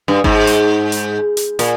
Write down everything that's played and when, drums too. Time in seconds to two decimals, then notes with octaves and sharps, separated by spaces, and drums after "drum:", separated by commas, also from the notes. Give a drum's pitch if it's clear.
0.08 G2
0.24 G#2, drum: kick G1
0.47 drum: hi-hat
0.92 drum: hi-hat
1.37 drum: hi-hat
1.59 A#2, drum: hi-hat